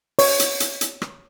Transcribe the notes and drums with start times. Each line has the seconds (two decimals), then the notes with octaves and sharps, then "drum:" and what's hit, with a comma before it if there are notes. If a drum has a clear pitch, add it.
0.19 C#5, drum: open hi-hat
0.40 drum: hi-hat
0.60 drum: hi-hat
0.81 drum: hi-hat
1.02 drum: rim click